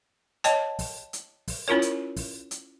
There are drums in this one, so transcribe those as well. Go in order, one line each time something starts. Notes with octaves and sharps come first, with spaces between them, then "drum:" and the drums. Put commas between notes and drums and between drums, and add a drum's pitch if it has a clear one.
C#5 D#5 G5 A5, drum: hi-hat
drum: kick, open hi-hat
drum: hi-hat
drum: kick, open hi-hat
C#4 E4 F4 A#4 C#5
drum: hi-hat
drum: kick, open hi-hat
drum: hi-hat